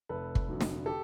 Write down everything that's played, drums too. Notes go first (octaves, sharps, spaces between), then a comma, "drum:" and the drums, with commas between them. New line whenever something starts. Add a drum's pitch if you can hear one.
F1 A4 B4
drum: kick
F2 D3 F#3
drum: snare
G4 A4